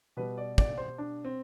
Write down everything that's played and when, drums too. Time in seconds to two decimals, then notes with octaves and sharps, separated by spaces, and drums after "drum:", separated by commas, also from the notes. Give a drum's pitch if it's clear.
0.17 B2 G3 B4
0.38 D5
0.58 D5, drum: kick
0.78 C5
0.98 D4
1.25 C4